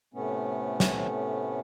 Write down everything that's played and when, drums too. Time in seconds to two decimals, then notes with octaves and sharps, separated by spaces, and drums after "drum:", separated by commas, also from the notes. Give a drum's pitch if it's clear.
0.14 A2 C3 A3 B3 C#4
0.80 drum: snare